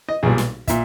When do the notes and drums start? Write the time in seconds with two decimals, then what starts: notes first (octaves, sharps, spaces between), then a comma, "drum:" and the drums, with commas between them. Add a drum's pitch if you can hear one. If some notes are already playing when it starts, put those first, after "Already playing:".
0.09 D#5
0.23 B1 A#2 G3 G#4
0.38 drum: snare
0.68 A#2 E5, drum: kick, hi-hat